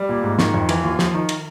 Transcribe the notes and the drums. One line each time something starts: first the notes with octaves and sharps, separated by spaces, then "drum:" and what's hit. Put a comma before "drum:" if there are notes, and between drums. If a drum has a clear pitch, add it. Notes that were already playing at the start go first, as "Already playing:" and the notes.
Already playing: G3
A#2
G#2
D#3, drum: snare
F2
E3, drum: cymbal
D#2 F4
F3, drum: snare
D#3
drum: cymbal